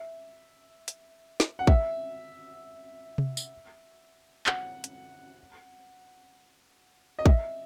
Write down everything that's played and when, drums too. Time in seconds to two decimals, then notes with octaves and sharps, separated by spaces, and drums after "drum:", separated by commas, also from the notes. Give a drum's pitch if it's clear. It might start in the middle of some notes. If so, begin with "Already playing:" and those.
Already playing: E5
0.88 drum: hi-hat
1.40 drum: snare
1.59 F#5
1.67 E5, drum: kick
3.18 drum: tom C3
3.37 drum: tambourine
4.46 F#5, drum: clap
4.84 drum: hi-hat
7.19 D#5
7.26 E5, drum: kick